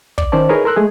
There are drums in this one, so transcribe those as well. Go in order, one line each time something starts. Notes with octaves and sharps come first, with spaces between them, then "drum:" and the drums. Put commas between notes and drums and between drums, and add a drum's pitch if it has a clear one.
D5, drum: kick
D#3 C#4 C5 D5 A5
D#4 E4 G#4 A#4 B4 C#5
A4 A#4 C6 E6 F#6
G#3 A3 G#4